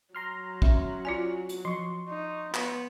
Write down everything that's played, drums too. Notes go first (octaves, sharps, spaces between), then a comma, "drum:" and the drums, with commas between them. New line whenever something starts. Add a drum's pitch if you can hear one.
F#3 A#5 C6 F6
C#4 E5, drum: kick
F4 D5 G#5
drum: hi-hat
F3 C6 C#6
D#4
B3, drum: clap